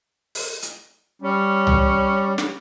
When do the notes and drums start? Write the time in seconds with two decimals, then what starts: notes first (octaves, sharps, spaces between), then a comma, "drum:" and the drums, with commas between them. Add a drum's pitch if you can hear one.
0.35 drum: open hi-hat
0.62 drum: hi-hat
1.22 G3 C#4
1.67 drum: tom C2
2.38 drum: snare